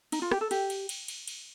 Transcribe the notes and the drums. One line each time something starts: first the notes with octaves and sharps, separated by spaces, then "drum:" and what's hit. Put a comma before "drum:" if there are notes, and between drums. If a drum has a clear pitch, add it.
D#4, drum: cymbal
F4
G4, drum: rim click
A4
G4, drum: cymbal
drum: cymbal
drum: cymbal
drum: cymbal
drum: cymbal